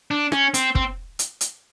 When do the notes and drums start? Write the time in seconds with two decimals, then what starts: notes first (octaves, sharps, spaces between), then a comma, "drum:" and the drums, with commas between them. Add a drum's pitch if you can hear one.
0.11 D4
0.32 C#4, drum: rim click
0.54 C4, drum: hi-hat
0.75 C4, drum: kick
1.19 drum: hi-hat
1.41 drum: hi-hat